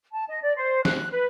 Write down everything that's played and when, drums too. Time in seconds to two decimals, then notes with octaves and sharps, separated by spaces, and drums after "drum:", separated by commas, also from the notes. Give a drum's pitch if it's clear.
0.12 A5
0.29 D#5
0.42 D5
0.56 C5
0.85 F#6, drum: snare
1.11 B4